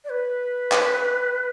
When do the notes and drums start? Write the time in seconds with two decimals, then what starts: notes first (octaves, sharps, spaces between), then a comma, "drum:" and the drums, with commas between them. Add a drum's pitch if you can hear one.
0.04 D5
0.10 B4
0.72 drum: clap